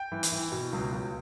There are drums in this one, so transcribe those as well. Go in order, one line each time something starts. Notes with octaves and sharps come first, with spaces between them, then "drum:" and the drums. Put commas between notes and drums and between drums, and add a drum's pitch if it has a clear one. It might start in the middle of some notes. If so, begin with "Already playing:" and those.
Already playing: G5
E3
drum: hi-hat
E3
B2
C#2
C#2